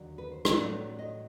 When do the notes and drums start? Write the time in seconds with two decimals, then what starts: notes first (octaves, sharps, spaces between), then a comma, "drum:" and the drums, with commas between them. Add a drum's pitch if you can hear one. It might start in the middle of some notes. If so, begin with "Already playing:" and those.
Already playing: D#2 D3 F#3
0.18 B4
0.32 C5
0.45 D5, drum: rim click
0.58 A2 F#3 D5
0.99 D#5